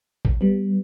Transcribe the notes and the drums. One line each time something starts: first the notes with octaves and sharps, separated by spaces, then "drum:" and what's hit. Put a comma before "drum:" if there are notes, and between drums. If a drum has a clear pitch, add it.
drum: kick A1
G3 B3